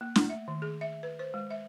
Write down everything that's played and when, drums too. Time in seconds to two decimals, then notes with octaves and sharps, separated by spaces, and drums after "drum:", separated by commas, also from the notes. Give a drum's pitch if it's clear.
0.01 A#3
0.16 A3, drum: snare
0.30 E5
0.48 D#3
0.62 G#4
0.81 E5
1.03 B4
1.19 C5
1.34 G#3
1.51 E5